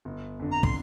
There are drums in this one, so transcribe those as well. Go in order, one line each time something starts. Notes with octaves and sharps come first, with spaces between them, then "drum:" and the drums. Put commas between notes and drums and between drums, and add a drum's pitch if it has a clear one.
G1
F2 D3
A#5
C6, drum: kick